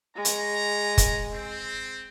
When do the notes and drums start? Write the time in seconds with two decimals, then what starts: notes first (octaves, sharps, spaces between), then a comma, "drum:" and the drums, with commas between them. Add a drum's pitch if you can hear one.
0.16 G#3 C#5 A#5
0.25 drum: hi-hat
0.98 drum: kick, hi-hat
1.34 C4